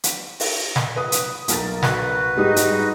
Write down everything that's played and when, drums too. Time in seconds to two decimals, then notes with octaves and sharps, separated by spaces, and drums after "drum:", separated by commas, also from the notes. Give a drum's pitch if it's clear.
0.04 drum: hi-hat
0.40 drum: open hi-hat
0.76 drum: snare
0.96 B4 D#6
1.12 drum: hi-hat
1.48 B1 A#4 A6, drum: hi-hat
1.83 F#4 B4, drum: snare
2.37 G#2 G3 D#4 D#6
2.56 drum: hi-hat